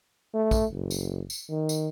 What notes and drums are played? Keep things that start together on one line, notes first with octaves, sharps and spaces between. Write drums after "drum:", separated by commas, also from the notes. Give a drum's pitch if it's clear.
A3
drum: kick, tambourine
F#1
drum: tambourine
drum: tambourine
D#3
drum: tambourine